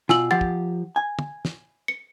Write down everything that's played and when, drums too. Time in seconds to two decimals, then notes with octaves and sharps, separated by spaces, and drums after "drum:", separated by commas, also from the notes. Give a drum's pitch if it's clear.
0.09 B2 F4 G#5 E6 F#7, drum: snare
0.31 F3 G4 F#5 A6
0.41 drum: kick
0.96 G#5
1.19 drum: tom
1.45 drum: snare
1.88 C#7